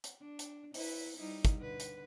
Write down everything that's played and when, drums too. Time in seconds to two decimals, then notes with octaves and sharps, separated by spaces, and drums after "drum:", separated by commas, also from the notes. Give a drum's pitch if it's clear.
0.04 drum: hi-hat
0.21 D4
0.39 drum: hi-hat
0.74 E4 B4, drum: open hi-hat
1.16 G3 D#4 E4
1.45 drum: kick, hi-hat
1.57 D3 B4
1.80 drum: hi-hat